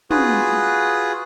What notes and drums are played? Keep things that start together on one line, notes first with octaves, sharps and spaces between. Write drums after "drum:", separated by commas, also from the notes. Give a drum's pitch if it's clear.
F4 F#4 G#4 B4, drum: tom